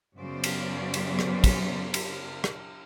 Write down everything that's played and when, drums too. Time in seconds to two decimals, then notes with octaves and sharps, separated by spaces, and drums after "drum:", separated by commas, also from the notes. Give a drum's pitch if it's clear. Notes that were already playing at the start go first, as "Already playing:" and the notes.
0.19 F#2 C#3 F#3 B3 C5 D5
0.44 drum: cymbal
0.94 drum: cymbal
1.19 drum: rim click
1.44 drum: kick, cymbal
1.94 drum: cymbal
2.44 drum: rim click